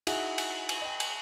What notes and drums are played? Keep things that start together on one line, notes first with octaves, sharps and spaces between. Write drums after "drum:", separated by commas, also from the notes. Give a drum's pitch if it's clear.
D#4 E4 F#4 G#4 E5 F#5, drum: cymbal
drum: cymbal
drum: cymbal
D#5 G5
drum: cymbal